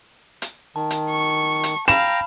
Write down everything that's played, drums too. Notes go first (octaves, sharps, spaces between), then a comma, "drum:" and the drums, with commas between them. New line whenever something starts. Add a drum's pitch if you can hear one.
drum: hi-hat
D#3 A5
drum: hi-hat
C#6
drum: hi-hat
F5 G5 A#5 B5 E7, drum: hi-hat